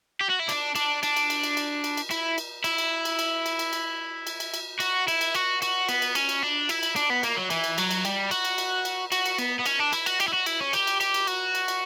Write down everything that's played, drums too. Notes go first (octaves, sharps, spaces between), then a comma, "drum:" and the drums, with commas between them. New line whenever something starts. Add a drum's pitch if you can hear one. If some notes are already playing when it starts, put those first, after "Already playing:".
G4
F#4
E4
D4, drum: cymbal
D4, drum: cymbal
D4, drum: cymbal
drum: cymbal
drum: cymbal
drum: cymbal
drum: cymbal
drum: cymbal
drum: cymbal
E4, drum: cymbal
drum: cymbal
E4, drum: cymbal
drum: cymbal
drum: cymbal
drum: cymbal
drum: cymbal
drum: cymbal
drum: cymbal
drum: cymbal
drum: cymbal
drum: cymbal
F#4, drum: cymbal
E4, drum: cymbal
drum: cymbal
F#4, drum: cymbal
F#4, drum: cymbal
B3, drum: cymbal
drum: cymbal
C#4, drum: cymbal
drum: cymbal
D4
E4, drum: cymbal
drum: cymbal
D4, drum: cymbal
B3
A#3, drum: cymbal
F#3
E3, drum: cymbal
drum: cymbal
F#3, drum: cymbal
drum: cymbal
G3, drum: cymbal
F#4, drum: cymbal
drum: cymbal
drum: cymbal
drum: cymbal
F#4, drum: cymbal
drum: cymbal
B3, drum: cymbal
B3
C#4, drum: cymbal
D4
E4, drum: cymbal
F#4, drum: cymbal
G4, drum: cymbal
E4
F#4
E4, drum: cymbal
C#4
G4, drum: cymbal
drum: cymbal
G4, drum: cymbal
drum: cymbal
F#4, drum: cymbal
drum: cymbal
drum: cymbal